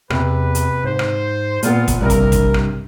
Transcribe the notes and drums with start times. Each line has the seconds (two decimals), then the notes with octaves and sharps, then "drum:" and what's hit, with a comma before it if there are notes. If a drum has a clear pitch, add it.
0.10 E2 C3 B4, drum: rim click
0.55 drum: hi-hat
0.84 G#2 C5
0.99 drum: rim click
1.63 A#2 B3 F4, drum: hi-hat
1.88 drum: kick, hi-hat
2.01 A#1 G2 C3 A#4
2.10 drum: kick, hi-hat
2.32 drum: kick, hi-hat
2.54 drum: rim click